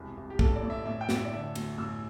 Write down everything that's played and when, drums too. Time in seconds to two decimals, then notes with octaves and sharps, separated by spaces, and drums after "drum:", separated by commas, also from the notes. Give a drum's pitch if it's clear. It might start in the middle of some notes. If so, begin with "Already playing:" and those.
Already playing: E1 C2
0.17 C2
0.30 G4
0.39 A1 A4, drum: kick
0.56 D5
0.63 A1
0.70 E5
0.86 A1 E5
1.01 G5
1.09 A1, drum: snare
1.17 E5
1.25 D5
1.32 D3 E5
1.55 D2, drum: cymbal
1.78 A1 E6